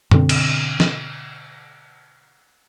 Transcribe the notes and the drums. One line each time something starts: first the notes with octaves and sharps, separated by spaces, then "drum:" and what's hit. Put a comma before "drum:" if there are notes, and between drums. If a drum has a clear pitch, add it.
B2 D3 C4, drum: tom F#2
drum: cymbal
drum: snare